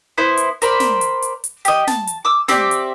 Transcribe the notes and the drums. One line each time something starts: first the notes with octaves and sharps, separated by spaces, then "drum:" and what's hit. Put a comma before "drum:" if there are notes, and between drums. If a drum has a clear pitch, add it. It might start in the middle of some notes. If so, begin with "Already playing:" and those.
B3 E4 C5
drum: hi-hat
A#4 C5 D5 B5, drum: hi-hat
drum: snare
drum: hi-hat
drum: hi-hat
drum: hi-hat
G4 D#5, drum: hi-hat
A5, drum: snare
drum: hi-hat
D6 E6
C4 G4 D5 E5, drum: snare
drum: hi-hat